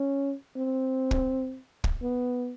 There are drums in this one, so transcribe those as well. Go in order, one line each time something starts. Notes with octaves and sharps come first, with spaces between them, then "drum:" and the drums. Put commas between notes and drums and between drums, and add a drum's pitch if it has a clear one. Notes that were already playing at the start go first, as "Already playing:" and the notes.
Already playing: C#4
C4
drum: kick
drum: kick
B3